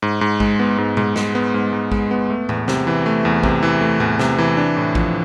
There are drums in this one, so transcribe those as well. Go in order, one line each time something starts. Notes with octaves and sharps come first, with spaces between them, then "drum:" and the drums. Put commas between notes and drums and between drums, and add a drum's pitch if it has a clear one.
G#2
G#2
G#3, drum: kick A1
B3
G#2
G#2, drum: tom A#2
G#3, drum: snare
B3
G#2
G#2
G#3, drum: kick A1
B3
A3
E2, drum: tom A2
C3, drum: snare
E3
A3
E2
C3, drum: kick A1
E3
A3
E2, drum: tom A2
C3, drum: snare
E3
D4
A2
F3, drum: kick A1